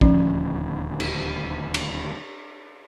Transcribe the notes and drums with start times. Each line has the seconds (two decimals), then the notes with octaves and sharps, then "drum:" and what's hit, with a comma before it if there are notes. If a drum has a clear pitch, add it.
0.01 D#1 D2 F3 C#4 D#4, drum: kick
1.00 drum: cymbal
1.74 drum: cymbal